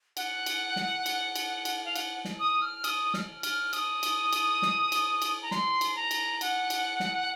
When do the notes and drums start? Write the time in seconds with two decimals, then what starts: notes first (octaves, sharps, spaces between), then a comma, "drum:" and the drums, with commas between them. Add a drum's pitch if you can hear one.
0.17 F#5, drum: cymbal
0.46 drum: cymbal
0.76 drum: snare
1.06 drum: cymbal
1.36 drum: cymbal
1.65 drum: cymbal
1.84 F5
1.96 F#5, drum: cymbal
2.25 drum: snare
2.39 D#6
2.62 F6
2.84 D#6, drum: cymbal
3.14 F6, drum: snare
3.43 F6, drum: cymbal
3.73 D#6, drum: cymbal
4.03 drum: cymbal
4.33 drum: cymbal
4.62 drum: snare
4.92 drum: cymbal
5.22 drum: cymbal
5.42 A#5
5.51 C6, drum: snare
5.81 drum: cymbal
5.96 A#5
6.11 drum: cymbal
6.41 F#5, drum: cymbal
6.70 drum: cymbal
7.00 drum: snare